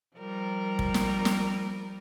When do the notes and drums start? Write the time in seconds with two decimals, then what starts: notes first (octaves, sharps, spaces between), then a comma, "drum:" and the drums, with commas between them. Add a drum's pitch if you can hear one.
0.17 F3 G3 A#4
0.79 drum: kick
0.94 drum: snare
1.25 drum: snare